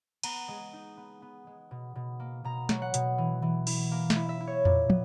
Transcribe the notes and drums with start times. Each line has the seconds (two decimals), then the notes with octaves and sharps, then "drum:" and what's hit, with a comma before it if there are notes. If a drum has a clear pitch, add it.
0.23 B3 A#5, drum: cymbal
0.48 G#3
0.73 D#4
0.97 B3
1.22 B3
1.47 G#3
1.71 B2
1.95 B2
2.20 A#3
2.44 B2 A#5
2.69 F#3, drum: snare
2.82 F#5
2.94 B2, drum: hi-hat
3.18 E3
3.42 E3
3.67 E4, drum: cymbal
3.91 A#3
4.10 E5, drum: snare
4.16 E4
4.29 E5
4.41 E4
4.47 C#5
4.65 A#2, drum: tom E2
4.90 B3, drum: tom